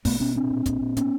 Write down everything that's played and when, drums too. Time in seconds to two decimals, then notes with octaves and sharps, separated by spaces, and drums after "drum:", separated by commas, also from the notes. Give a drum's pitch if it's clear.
0.05 B2 A3 B3, drum: kick, open hi-hat
0.20 B2 B3 C#4
0.35 A#2 C4 D4
0.51 A#2
0.66 A#2, drum: kick, hi-hat
0.81 A#2
0.97 A2 B3 C#4, drum: hi-hat